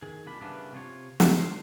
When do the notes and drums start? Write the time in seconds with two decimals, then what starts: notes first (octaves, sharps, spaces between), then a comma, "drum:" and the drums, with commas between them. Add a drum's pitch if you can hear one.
0.02 D#3 G#4
0.26 C2 A#2 D4 B5
0.41 G2 C#3 E3 A#3 B3 D4
0.73 C3 F4 C#5
1.20 C#3 G#3, drum: snare
1.39 D#3 C6